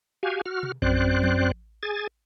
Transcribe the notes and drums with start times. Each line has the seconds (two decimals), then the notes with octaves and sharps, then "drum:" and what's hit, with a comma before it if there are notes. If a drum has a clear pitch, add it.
0.23 F#4 G4 F5 G#5
0.46 F#4 F6
0.63 drum: tom B2
0.82 F#2 C4 C5 D5 F#6, drum: kick A#1
1.23 drum: tom F3
1.83 G#4 G#5 A6